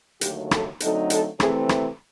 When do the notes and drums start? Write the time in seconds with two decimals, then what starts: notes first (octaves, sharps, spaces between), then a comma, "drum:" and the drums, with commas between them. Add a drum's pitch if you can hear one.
0.21 D#2 D3 F#3 A3 G4, drum: hi-hat
0.51 A4, drum: rim click
0.80 D3 F#3 A3 C4 D#4 A4, drum: hi-hat
1.10 A4, drum: hi-hat
1.40 C3 E3 A3 C4 G#4, drum: rim click
1.69 drum: rim click